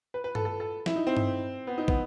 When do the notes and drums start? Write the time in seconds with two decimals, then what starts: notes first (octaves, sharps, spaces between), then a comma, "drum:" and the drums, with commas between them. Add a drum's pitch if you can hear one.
0.14 B4
0.24 B4
0.35 A4, drum: tom G2
0.45 A4
0.60 A4
0.86 E4, drum: snare
0.96 D#4
1.07 C4
1.17 drum: tom G2
1.67 B3
1.78 D#4
1.88 B3, drum: kick